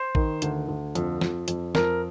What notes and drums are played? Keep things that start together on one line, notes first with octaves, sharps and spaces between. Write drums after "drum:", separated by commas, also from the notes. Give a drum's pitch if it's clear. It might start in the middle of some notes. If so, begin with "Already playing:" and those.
Already playing: C5
D#3, drum: kick A1
D2, drum: hi-hat
D2
F2, drum: hi-hat
F2, drum: snare
F2, drum: hi-hat
F2 A#4, drum: snare